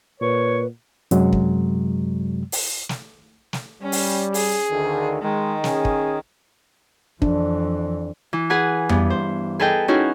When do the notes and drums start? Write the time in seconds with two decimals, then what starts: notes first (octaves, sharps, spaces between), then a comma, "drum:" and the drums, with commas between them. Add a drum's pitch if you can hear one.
0.21 A#2 B4 C#5 C#6
1.11 F#2 C3 F#3 G#3, drum: hi-hat
1.33 drum: kick
2.52 drum: open hi-hat
2.89 drum: snare
3.53 drum: snare
3.82 G3 C#4
3.92 drum: open hi-hat
4.34 G#4, drum: open hi-hat
4.71 D2 D3 D#3
5.22 D#3 G#3
5.64 C#4 G#4, drum: snare
5.85 drum: kick
7.22 F2 E3 D4, drum: kick
8.33 E3
8.50 G#4 B4 F#5 G#5
8.89 G2 B3, drum: tom F2
9.10 C5
9.59 G#4 A4 B4 D#5 G5
9.88 C#4 D#4 E4 F#4 G#4